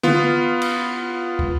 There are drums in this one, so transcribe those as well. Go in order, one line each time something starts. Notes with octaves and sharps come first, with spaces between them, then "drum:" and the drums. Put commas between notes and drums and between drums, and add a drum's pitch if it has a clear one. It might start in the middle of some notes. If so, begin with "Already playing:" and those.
B3 F4, drum: tom D3
drum: cymbal
drum: kick